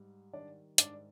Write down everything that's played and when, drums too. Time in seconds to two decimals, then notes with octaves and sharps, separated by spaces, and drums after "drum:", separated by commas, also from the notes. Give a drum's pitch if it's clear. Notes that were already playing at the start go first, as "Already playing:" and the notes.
Already playing: G#2 G3
0.33 D#3 D4 D5
0.78 G#2 D4 D5, drum: hi-hat